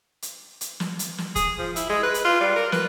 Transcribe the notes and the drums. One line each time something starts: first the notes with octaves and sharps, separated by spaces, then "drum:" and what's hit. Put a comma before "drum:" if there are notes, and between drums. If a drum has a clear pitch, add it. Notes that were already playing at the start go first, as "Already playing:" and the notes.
drum: hi-hat
drum: hi-hat
drum: snare
drum: hi-hat
drum: snare
G#4, drum: kick, hi-hat
F3
E4, drum: hi-hat
G#3
B4
drum: hi-hat
F4
G3
A#4
B4, drum: snare